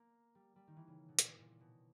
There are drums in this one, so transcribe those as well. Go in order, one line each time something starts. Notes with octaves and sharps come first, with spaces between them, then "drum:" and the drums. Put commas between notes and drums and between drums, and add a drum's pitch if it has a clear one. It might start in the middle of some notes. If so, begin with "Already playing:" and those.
Already playing: A#3
G3
G3
D#3
E3
C#3
B2
A#2, drum: hi-hat
A#2
B2